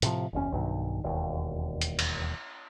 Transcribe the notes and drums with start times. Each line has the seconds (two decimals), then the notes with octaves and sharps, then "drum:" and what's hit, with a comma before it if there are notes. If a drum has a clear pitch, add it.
0.02 A2 C3 F3, drum: hi-hat
0.33 F#1 E2 B2 C#4
0.52 B1 G2 D#3
1.03 E1 D#2
1.81 drum: hi-hat
1.99 drum: cymbal